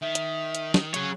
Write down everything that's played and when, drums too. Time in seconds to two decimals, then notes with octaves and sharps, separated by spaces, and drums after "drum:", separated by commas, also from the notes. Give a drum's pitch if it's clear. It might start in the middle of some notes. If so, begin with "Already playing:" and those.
0.02 D#3 E5
0.15 drum: hi-hat
0.55 drum: hi-hat
0.74 drum: snare
0.94 F#3 G#4 C#5, drum: hi-hat